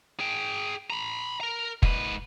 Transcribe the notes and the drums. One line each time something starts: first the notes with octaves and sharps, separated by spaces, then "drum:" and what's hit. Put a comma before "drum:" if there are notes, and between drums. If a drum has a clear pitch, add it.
G#4 G5
A#5 B5
A#4 A#5
G#2 B4, drum: kick F1